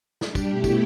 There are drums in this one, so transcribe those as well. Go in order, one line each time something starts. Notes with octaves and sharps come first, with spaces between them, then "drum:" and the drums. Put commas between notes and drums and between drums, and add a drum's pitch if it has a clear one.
G3 D4 G4, drum: snare
drum: kick, tambourine
B2 A3 E4 G4
drum: kick, tambourine